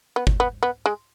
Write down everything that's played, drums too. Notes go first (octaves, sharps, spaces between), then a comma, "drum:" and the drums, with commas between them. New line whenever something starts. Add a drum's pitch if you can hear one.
B3
drum: kick G1
B3
B3
G#3